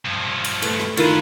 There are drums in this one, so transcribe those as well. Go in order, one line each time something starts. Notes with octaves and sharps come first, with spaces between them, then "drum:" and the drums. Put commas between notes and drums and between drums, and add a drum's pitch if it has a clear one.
G2 F3
drum: cymbal
A3 B4, drum: cymbal
drum: rim click
D#3 D4 E4 F4 B4, drum: cymbal